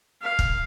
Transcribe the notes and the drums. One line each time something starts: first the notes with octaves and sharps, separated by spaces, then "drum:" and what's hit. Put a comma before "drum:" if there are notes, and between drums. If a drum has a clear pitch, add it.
F5
drum: kick